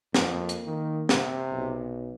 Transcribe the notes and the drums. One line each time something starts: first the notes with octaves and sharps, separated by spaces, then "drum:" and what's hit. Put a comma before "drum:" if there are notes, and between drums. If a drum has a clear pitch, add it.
F2 A#3, drum: snare
drum: hi-hat
D#3
C3, drum: snare
B1